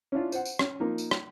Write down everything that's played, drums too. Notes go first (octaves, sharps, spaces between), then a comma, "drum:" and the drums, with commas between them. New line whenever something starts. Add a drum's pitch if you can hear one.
C#4 D4 E4 F4
C5 F#5, drum: tambourine
drum: tambourine
C#4, drum: rim click
F3 A#3 D#4 F4 A#4
drum: tambourine
drum: rim click